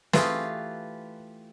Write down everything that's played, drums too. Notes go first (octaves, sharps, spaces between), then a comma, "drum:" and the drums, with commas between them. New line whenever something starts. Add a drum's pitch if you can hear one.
E3 A3 F4 G4 G#4 B4, drum: snare